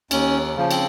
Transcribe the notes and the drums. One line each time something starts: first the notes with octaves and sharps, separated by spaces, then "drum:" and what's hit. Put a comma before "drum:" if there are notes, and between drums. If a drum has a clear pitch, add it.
D#2 C#4, drum: cymbal
C#3 F3
C4, drum: cymbal